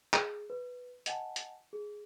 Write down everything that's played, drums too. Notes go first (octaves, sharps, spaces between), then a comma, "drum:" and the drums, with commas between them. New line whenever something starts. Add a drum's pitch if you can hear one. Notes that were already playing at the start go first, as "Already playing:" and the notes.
G#4, drum: clap
B4
D#5 F#5 G#5 A5, drum: hi-hat
drum: hi-hat
G#4